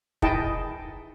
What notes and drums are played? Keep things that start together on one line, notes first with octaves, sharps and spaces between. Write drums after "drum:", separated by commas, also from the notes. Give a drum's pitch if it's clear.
D#4 E4 G#4 D#5 G5 A5, drum: kick